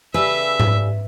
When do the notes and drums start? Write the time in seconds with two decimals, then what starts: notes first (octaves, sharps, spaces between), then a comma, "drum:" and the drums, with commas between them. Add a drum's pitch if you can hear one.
0.14 C#3 G3 A4 B4 E5 E6
0.60 drum: tom G#2